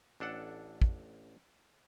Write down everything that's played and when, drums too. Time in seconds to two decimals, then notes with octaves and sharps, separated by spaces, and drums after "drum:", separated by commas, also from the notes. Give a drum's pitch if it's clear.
0.20 A1 D4 A4 F#5
0.82 drum: kick